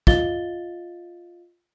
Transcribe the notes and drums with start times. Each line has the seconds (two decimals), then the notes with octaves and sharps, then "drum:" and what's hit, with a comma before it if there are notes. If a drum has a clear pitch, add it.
0.07 F4 D#5 F5 A6 G7, drum: kick